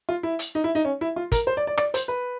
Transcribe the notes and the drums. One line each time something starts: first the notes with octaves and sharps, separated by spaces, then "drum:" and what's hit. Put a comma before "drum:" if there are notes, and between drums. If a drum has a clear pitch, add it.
F4
E4
drum: hi-hat
D#4
E4
D#4
C#4
E4
F4
A#4, drum: kick, hi-hat
C5
D5
D5
D5, drum: rim click
C5, drum: hi-hat
B4